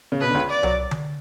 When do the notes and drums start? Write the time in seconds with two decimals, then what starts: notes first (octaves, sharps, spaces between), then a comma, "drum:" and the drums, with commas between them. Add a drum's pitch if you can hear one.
0.12 C#3
0.21 B2 B4
0.29 D3
0.35 C#2 C#3
0.50 D5
0.63 F#3 F#4, drum: tom C2
0.91 drum: tom D3